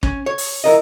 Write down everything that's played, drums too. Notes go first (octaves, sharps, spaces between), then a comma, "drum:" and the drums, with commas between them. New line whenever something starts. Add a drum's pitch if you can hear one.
C#4, drum: kick
C#5
drum: open hi-hat
E4 A#4 D#5